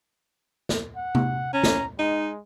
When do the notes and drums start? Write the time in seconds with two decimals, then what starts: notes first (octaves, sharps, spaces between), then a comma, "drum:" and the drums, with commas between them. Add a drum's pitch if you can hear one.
0.69 drum: snare
0.96 F#5
1.15 drum: tom C3
1.53 C#4 A#5
1.64 drum: snare
1.99 G#3 D#4